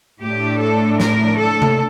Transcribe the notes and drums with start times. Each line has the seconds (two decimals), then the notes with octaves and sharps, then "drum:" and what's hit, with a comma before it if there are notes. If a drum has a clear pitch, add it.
0.21 A2 A3 D4 G4
0.60 A4
1.00 A#4, drum: snare
1.39 A4
1.62 drum: tom C3